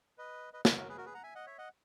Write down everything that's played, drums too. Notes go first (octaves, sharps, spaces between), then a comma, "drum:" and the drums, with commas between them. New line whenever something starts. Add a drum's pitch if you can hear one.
B4 D#5
B4 D#5
B4 D#5, drum: snare
F#4 A#4
G#4 B4
F#4 A#4
G#4 B4
F#5 A#5
E5 G#5
D#5 F#5
C#5 E5
D#5 F#5